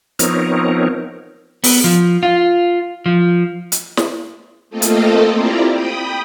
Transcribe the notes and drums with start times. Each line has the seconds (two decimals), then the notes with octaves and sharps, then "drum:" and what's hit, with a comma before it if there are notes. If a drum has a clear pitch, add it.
0.19 F3 B3 C4 D#4 A#4 C#5, drum: hi-hat
1.64 B3, drum: open hi-hat
1.84 F3
2.23 F4
3.06 F3
3.72 drum: hi-hat
3.97 drum: snare
4.70 A3 A#3 C4 F4 A4 D#5
4.82 drum: hi-hat
5.34 C4 E4 F4 G4 D5 A#5
5.72 G5 B5 D#6